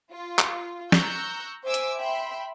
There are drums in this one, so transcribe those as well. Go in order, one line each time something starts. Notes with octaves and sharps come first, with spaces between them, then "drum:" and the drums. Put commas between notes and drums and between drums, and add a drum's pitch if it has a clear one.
F4
drum: clap
A#5 C#6 E6 F#6 G6, drum: snare
C5 E5 G#5 D6 E6
drum: hi-hat
E5 G5 B5 C6